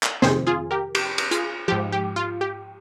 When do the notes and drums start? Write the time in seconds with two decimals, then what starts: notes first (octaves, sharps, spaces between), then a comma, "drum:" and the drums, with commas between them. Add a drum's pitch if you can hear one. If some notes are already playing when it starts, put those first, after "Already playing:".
0.03 drum: clap
0.22 F2 C3 D#3 G#4 C5, drum: snare
0.47 F4 G#4
0.71 G4 A#4
0.95 G4, drum: cymbal
1.18 drum: cymbal
1.31 F4 G#4, drum: hi-hat
1.68 G#2 F3 G4
1.92 G4
2.16 F4
2.41 G4